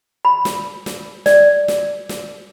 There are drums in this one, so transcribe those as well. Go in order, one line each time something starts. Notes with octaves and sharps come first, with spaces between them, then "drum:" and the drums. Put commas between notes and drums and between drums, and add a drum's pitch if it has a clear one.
B5
drum: snare
drum: snare
D5, drum: snare
drum: snare
drum: snare